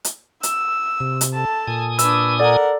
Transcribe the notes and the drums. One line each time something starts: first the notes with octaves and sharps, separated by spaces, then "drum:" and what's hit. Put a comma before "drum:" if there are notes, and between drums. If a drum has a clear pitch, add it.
drum: hi-hat
E6, drum: hi-hat
C3
drum: hi-hat
A4 A5
A#2 G#5 D#6
D4 B4 E6, drum: hi-hat
A4 A#4 D5 F#5